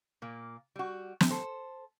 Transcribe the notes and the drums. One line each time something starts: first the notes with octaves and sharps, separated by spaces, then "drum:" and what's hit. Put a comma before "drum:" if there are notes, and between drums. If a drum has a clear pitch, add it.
A#2 A#3
G3 F#4
drum: snare
A4 C5